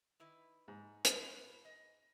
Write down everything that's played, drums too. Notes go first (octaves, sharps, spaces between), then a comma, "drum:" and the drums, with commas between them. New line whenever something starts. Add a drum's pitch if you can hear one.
D#3 E4 B4
G#2
drum: hi-hat
B4 C5
D#5